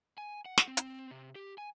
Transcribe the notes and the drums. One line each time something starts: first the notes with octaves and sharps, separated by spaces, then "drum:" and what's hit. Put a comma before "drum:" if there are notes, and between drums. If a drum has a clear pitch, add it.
G#5
F#5
drum: snare
C4
drum: hi-hat
C3
G4
G#5